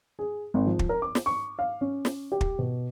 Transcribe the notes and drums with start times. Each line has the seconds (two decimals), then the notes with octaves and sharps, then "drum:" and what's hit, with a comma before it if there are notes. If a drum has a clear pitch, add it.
0.19 G#4
0.54 G#1
0.67 F3
0.79 drum: kick
0.89 A#4
1.02 D6
1.15 drum: snare
1.26 C#6
1.59 F5
1.81 C#4
2.05 drum: snare
2.32 G4
2.41 drum: kick
2.59 B2